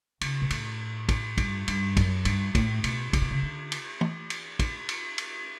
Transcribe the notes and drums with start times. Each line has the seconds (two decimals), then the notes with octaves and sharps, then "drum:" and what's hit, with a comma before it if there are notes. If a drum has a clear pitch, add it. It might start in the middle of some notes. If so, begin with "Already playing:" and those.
0.21 C#3, drum: cymbal
0.42 B2
0.50 A2, drum: cymbal
1.09 drum: kick, cymbal
1.37 G2, drum: kick, cymbal
1.68 G2, drum: cymbal
1.97 F#2, drum: kick, cymbal
2.25 G2, drum: cymbal
2.55 A2, drum: kick, cymbal
2.84 B2, drum: cymbal
3.13 C#3, drum: kick, cymbal
3.22 B2
3.31 C#3
3.43 D3
3.72 drum: cymbal
4.01 drum: tom
4.30 drum: cymbal
4.59 drum: kick, cymbal
4.89 drum: cymbal
5.18 drum: cymbal